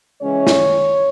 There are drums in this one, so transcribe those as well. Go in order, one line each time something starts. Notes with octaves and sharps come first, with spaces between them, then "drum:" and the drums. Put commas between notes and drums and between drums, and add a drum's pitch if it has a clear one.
C#3 E3 G#3 C#4 C#5
drum: snare